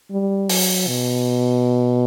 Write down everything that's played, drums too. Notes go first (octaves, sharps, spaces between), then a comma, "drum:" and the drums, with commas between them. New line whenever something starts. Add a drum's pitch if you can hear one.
G3
F#3, drum: open hi-hat
B2